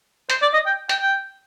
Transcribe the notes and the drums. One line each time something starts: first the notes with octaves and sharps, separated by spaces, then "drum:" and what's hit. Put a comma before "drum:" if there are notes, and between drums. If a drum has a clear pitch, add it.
C5, drum: hi-hat
D5
D#5
G5
G5, drum: hi-hat
G5